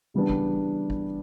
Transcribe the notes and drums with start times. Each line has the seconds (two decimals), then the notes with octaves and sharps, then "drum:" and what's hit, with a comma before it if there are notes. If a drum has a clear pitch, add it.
0.14 C#3 E3 G3 B3 D4
0.30 drum: kick A1
0.90 drum: kick A1